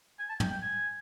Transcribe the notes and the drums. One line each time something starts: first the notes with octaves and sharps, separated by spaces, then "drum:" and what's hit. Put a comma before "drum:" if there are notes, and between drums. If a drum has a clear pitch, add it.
G#5
A5
G5, drum: tom
G5
G#5